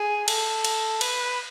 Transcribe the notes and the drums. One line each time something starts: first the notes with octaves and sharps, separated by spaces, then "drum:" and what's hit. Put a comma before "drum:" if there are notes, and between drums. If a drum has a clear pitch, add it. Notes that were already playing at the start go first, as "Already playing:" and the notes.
Already playing: G#4
A4, drum: cymbal
drum: cymbal
B4, drum: cymbal